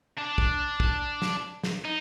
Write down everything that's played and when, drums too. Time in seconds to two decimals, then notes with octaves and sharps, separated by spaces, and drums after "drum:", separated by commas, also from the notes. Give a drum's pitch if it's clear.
0.18 D4
0.38 drum: kick
0.80 drum: kick
1.22 drum: snare
1.63 drum: snare
1.85 D#4